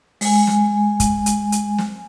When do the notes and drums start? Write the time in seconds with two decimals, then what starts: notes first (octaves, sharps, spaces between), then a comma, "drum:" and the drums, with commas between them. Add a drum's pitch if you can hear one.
0.21 G#3 G#5, drum: open hi-hat
0.47 drum: snare
1.00 drum: kick, hi-hat
1.26 drum: hi-hat
1.52 drum: hi-hat
1.78 drum: snare